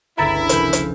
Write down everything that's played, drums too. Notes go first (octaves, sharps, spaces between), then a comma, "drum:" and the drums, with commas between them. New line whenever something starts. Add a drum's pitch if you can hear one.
G1 C#2 E4 A#5 A6 B6
F1 F3 A#4 B5 G6, drum: hi-hat
drum: hi-hat